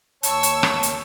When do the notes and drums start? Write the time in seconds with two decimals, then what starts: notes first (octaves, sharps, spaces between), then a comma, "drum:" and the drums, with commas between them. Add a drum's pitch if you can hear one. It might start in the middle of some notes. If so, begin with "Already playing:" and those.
0.23 D#2 C#5 A5 C#6 E6, drum: hi-hat
0.43 drum: hi-hat
0.63 drum: rim click
0.83 drum: hi-hat